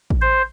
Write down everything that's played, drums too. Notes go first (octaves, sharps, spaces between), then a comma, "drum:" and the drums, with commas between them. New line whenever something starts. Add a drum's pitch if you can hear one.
drum: kick A1
C5